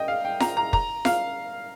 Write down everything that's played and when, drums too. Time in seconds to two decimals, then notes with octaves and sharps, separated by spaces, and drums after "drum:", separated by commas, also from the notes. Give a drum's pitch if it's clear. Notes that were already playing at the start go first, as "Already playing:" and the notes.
Already playing: D#5 G5
0.08 F5
0.25 G5
0.40 A#5, drum: snare F4
0.57 A#5
0.73 A#5, drum: kick
1.05 F5, drum: snare F4